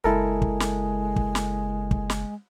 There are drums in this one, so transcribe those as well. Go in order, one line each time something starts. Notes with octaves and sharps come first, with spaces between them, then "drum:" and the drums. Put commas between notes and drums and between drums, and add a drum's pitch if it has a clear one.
F#1 G#3 E4 A4 A#4
drum: kick
drum: snare
drum: kick
drum: snare
drum: kick
drum: snare